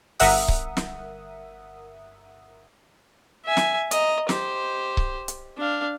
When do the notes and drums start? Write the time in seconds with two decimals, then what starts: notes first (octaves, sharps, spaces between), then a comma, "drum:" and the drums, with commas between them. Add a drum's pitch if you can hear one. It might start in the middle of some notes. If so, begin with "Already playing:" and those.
0.19 G1 A#4 E5 F#5 D#6, drum: open hi-hat
0.48 drum: kick C#1
0.77 drum: snare
3.45 E5 G#5
3.57 drum: snare
3.91 D#5 A#5, drum: hi-hat
4.29 G4 C5, drum: snare
4.97 drum: kick C#1
5.28 drum: hi-hat
5.58 D4 F5